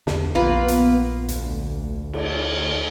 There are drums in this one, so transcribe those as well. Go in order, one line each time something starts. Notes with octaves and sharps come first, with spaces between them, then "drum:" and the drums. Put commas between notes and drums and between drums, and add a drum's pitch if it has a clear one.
E2 D3, drum: snare
A#1 A#3 B3 F4 B4
drum: hi-hat
D2, drum: hi-hat
drum: cymbal